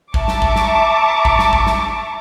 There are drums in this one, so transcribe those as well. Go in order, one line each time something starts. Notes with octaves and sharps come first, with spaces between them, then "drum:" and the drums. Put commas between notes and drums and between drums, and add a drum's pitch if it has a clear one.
E5 A5 A#5 C#6 D6, drum: kick
drum: snare
drum: kick
drum: snare
drum: kick
drum: snare
drum: kick
drum: snare